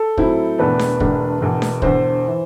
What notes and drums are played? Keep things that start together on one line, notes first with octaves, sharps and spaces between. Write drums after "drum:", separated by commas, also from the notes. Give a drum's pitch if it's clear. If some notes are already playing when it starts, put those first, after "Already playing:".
Already playing: A4
A2 F#3 C4 E4, drum: kick
E1 E2 D3 A3 D4 B4
drum: snare D4
E1 E2 D3 A3 D4, drum: kick
E1 E2 D3
drum: snare D4
E1 E2 D3 C5, drum: kick
E3